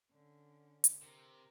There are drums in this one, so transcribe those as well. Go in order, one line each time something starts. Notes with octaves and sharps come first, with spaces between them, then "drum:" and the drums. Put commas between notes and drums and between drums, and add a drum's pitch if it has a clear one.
D3 C#4
drum: hi-hat
C3 A#4